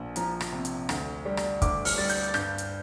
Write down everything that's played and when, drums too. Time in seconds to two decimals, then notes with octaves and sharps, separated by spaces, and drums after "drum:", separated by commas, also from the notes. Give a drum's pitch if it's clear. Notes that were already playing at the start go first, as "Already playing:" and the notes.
Already playing: A#1
0.16 F3 A#5, drum: hi-hat
0.41 drum: rim click
0.52 C3
0.65 drum: hi-hat
0.89 D2, drum: rim click
1.25 G3
1.37 drum: rim click
1.62 D2 D6, drum: kick, hi-hat
1.85 F6, drum: open hi-hat
1.98 G3 A6
2.10 G6, drum: hi-hat
2.28 A6
2.34 G2 G6, drum: rim click
2.58 drum: hi-hat